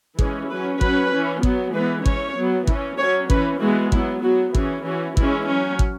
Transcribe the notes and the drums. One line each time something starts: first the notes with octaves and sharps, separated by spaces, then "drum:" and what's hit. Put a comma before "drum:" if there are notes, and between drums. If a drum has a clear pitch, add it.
E3 G#3 C#4 G#4, drum: kick
F#3 C#4 B4
F#3 C#4 B4, drum: kick
E3 C#4
F#3 B3, drum: kick
E3 G#3 B3 B4
E3 C#4 C#5, drum: kick
F#3 B3
E3 C#4, drum: kick
F#3 C#4 C#5
E3 C#4 B4, drum: kick
E3 G#3 B3 F#4
F#3 B3 E4, drum: kick
F#3 B3 F#4
E3 C#4 G#4, drum: kick
E3 C#4 F#4
E3 G#3 C#4 E4, drum: kick
F#3 C#4
drum: kick